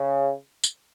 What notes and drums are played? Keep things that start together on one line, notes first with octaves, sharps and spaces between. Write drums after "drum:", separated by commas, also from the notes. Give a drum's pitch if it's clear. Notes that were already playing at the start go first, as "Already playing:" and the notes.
Already playing: C#3
drum: tambourine